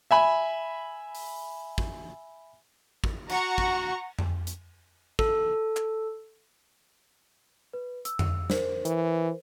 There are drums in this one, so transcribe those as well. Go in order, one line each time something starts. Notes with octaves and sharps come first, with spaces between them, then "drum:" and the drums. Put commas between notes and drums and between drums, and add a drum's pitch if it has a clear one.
E5 G#5 B5
drum: open hi-hat
drum: kick
drum: kick
F#4 F#5 A#5 C#6, drum: cymbal
drum: kick
drum: tom F2
drum: hi-hat
A4, drum: kick
drum: clap
B4
E6, drum: hi-hat
drum: tom F2
A#4 C5, drum: snare
E3, drum: hi-hat